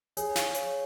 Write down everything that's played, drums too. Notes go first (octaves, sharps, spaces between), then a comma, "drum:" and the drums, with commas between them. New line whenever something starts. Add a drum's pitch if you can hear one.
G#4 C#5, drum: hi-hat
F5 C#6, drum: snare
C#5, drum: hi-hat